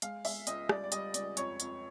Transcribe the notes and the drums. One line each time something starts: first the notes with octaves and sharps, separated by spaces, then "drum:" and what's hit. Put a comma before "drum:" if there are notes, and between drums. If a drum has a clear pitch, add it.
G#3 F5, drum: hi-hat
G#3 E5, drum: open hi-hat
C#2 D#5, drum: hi-hat
G3 D5, drum: rim click
D5
G3 D#5, drum: hi-hat
C#2 D5, drum: hi-hat
F2 C#5, drum: hi-hat
F2, drum: hi-hat